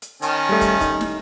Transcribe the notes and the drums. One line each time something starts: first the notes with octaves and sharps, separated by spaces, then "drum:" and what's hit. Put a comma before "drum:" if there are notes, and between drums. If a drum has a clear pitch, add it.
drum: hi-hat
D#3 C#4 A5, drum: hi-hat
G3 A3
drum: kick, hi-hat
D#4, drum: kick, hi-hat
drum: snare